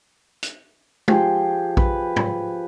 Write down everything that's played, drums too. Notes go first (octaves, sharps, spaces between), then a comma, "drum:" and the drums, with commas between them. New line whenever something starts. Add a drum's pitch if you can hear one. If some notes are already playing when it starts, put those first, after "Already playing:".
drum: hi-hat
F3 G4 G#4 C6, drum: tom
B4, drum: kick A#1
drum: tom